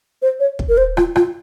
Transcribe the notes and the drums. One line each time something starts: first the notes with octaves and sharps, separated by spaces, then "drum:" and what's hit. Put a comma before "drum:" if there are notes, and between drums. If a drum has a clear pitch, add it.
C5
C#5
drum: kick
A#4
C5
F4, drum: rim click
F4, drum: rim click